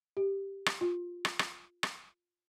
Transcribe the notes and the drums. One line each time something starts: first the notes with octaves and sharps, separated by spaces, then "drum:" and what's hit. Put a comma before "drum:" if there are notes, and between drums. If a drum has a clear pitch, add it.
G4
drum: rim click
F4
drum: rim click
drum: rim click
drum: rim click